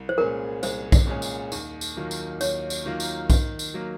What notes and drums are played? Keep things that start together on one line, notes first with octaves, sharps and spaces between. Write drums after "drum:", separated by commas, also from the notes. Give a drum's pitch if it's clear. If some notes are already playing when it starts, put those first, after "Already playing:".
Already playing: C2
C5
A#2 G#3 C#4 G#4 A#4
C2 C5, drum: tambourine
drum: kick B1, tambourine
A#2 G#3 C#4 G#4
drum: tambourine
D#2, drum: tambourine
drum: tambourine
D#3 F#3 A#3 F4
drum: tambourine
D#2 C#5, drum: tambourine
drum: tambourine
D#3 F#3 A#3 F4
drum: tambourine
D#3, drum: kick B1, tambourine
drum: tambourine
F#3 A#3